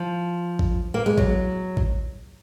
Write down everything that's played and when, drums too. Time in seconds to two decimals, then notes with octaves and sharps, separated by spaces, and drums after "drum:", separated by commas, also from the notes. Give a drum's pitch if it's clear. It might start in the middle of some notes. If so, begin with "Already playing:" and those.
Already playing: F3
0.59 drum: kick
0.94 A#3
1.06 G#3
1.18 F#3, drum: kick
1.77 drum: kick